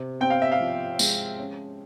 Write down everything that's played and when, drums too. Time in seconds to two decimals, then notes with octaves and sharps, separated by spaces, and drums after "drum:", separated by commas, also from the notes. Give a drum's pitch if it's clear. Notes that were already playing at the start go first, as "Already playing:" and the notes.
Already playing: C3
0.21 C4 G5
0.30 F5
0.42 E5
0.52 F5
0.60 F3
0.99 G#3, drum: tambourine
1.39 C#4